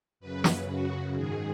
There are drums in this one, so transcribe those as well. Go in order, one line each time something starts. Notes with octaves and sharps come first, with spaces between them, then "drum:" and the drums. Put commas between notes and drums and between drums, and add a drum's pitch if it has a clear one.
F#2 C#3 B4
drum: snare
F#2 C#3 F#4
G#2 D#3 G#4